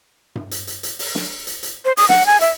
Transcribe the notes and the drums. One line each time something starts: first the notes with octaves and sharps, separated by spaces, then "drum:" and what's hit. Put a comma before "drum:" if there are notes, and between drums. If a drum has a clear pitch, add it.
drum: tom G2
drum: hi-hat
drum: hi-hat
drum: hi-hat
drum: open hi-hat
drum: snare
drum: hi-hat
drum: hi-hat
C5
D#6, drum: open hi-hat
F#5, drum: snare
G#5
E5, drum: hi-hat